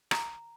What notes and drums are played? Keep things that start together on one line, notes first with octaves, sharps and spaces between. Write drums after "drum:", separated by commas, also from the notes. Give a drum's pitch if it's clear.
A#5, drum: rim click